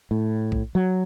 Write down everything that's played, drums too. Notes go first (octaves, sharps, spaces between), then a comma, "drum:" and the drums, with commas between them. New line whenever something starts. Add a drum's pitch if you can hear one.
A2
drum: kick
F#3